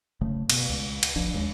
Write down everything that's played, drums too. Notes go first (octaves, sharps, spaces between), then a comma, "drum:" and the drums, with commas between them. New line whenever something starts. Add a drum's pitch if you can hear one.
F#1 C#3 A3
B2, drum: cymbal
C#2
drum: cymbal
D1 G#1 F3 D4
D#1 D#2 G#3